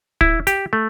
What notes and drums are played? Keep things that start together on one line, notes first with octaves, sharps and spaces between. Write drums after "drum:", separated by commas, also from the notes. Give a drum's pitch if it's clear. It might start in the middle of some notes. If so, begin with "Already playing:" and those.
E4, drum: kick
G4, drum: hi-hat
A3